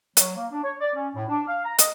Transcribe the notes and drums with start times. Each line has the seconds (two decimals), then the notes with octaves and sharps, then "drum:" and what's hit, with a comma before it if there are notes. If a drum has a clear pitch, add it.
0.17 F#3, drum: hi-hat
0.36 A#3
0.51 D4
0.63 C#5
0.81 D5
0.95 C#4
1.15 A2
1.28 D4
1.48 F5
1.64 A#5
1.78 D#5, drum: hi-hat